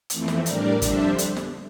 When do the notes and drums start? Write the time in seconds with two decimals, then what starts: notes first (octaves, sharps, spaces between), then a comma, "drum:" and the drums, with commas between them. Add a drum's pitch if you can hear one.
0.10 F2 E3 A3 C4, drum: hi-hat
0.28 drum: snare
0.46 A2 G3 D4 A#4 D5, drum: hi-hat
0.82 F2 D3 G3 D4 C5 E5, drum: kick, hi-hat
1.18 drum: hi-hat
1.37 drum: snare